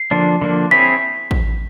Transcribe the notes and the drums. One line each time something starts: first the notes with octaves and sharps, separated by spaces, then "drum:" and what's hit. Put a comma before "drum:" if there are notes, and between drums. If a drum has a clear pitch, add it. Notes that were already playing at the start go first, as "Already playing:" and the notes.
Already playing: C7
D3 F3 A#3 D4
D3 F3 A#3 D4
C4 E4 G#4 C#5 B6
drum: kick A1